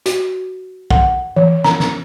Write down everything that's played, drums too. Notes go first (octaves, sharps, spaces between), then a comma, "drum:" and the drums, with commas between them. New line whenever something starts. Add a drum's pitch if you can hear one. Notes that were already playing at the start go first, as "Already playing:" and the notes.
F#4, drum: hi-hat
F#5, drum: kick
E3
A#5, drum: snare
drum: snare